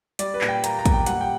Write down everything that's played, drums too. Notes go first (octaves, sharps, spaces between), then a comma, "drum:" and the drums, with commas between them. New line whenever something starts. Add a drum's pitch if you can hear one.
G3 D5, drum: hi-hat
B4
A#2, drum: clap
G5
A#3 A#5, drum: hi-hat
A#5
A#2, drum: kick, hi-hat
G5
G3 F#5, drum: hi-hat
G5